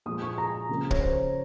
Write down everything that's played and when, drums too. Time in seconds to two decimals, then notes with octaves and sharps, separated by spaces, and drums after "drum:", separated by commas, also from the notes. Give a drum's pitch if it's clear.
0.06 A#2 F3 G#3 D#6
0.22 C#6
0.38 A#5
0.69 C#3 F3 A#3
0.91 C#5, drum: kick
1.01 C5